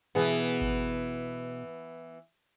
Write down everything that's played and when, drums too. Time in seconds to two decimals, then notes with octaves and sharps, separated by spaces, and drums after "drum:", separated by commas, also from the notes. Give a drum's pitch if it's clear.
0.15 B2 E3 B3 G#4
0.61 drum: kick G1